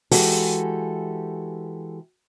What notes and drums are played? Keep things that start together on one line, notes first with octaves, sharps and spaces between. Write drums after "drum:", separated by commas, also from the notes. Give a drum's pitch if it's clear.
E3 G#3 F#4 G4 A4, drum: open hi-hat